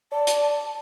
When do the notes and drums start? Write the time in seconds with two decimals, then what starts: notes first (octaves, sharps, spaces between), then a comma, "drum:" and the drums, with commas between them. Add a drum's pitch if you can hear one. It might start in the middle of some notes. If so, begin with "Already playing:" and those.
0.12 D5 A5
0.27 drum: hi-hat